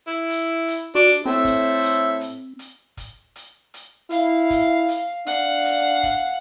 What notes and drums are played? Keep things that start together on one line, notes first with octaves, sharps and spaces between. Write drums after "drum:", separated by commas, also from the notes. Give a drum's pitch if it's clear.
E4
drum: hi-hat
drum: hi-hat
D4 F#4
drum: hi-hat
A2 C4 A4 C5 E5
drum: kick, hi-hat
drum: hi-hat
drum: hi-hat
drum: hi-hat
drum: kick, hi-hat
drum: hi-hat
drum: hi-hat
E4 F5, drum: hi-hat
drum: kick, hi-hat
drum: hi-hat
D4 F5 F#5, drum: hi-hat
drum: hi-hat
drum: kick, hi-hat